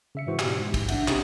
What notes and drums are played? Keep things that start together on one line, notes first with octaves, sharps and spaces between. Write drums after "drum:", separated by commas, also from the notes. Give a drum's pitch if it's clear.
C#3 E5 C#7
G#2 E3 F#4 C5
B2 G4, drum: clap
G#2
drum: kick, cymbal
D4 E5 F#5, drum: cymbal
C3 C4 C#4 D#4 G4 G#4, drum: clap